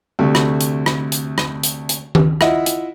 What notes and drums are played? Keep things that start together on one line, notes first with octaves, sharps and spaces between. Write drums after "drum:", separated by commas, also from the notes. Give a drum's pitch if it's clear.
D2 C3 A3
drum: rim click
drum: hi-hat
drum: rim click
drum: hi-hat
drum: rim click
drum: hi-hat
drum: hi-hat
drum: tom D#3
E4 F4 D#5 E5 F#5, drum: rim click
drum: hi-hat